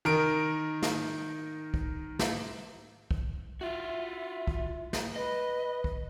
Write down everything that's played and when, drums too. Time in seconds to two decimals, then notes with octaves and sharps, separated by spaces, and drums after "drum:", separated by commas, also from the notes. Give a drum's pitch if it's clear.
0.05 D#3 A#4 D7
0.83 drum: snare
1.74 drum: kick
2.19 drum: snare
3.11 drum: kick
3.61 F4 F#4 E5
4.47 drum: kick
4.93 drum: snare
5.16 B4 D#5
5.84 drum: kick